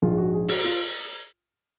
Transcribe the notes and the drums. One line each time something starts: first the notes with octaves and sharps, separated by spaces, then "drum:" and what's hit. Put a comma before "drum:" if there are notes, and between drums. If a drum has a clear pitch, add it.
A#1 G#2 F3 G#3 F4
F#4
G#4
F#4, drum: open hi-hat
F4